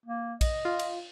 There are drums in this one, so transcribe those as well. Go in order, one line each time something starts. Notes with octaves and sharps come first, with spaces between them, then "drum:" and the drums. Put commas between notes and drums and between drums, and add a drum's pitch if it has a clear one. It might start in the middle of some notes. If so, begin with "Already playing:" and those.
A#3
D#5, drum: kick A#1, cymbal
F4
drum: cymbal